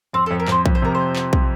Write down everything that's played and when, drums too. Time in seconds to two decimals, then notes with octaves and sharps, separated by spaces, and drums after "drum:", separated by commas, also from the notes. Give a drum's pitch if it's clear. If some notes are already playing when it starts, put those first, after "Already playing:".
0.13 F2 C4
0.26 A4
0.31 F2
0.40 A#4
0.48 F2 C5, drum: clap
0.66 F2, drum: kick
0.75 C5
0.82 C3 A#4
0.95 C5
1.16 drum: clap
1.33 drum: kick